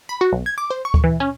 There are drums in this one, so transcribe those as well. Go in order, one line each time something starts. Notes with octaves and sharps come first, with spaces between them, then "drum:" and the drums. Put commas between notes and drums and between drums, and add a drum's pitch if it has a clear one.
B5
F#4
B1
G#6
D6
C5
C#6
drum: kick D2
E3
C#4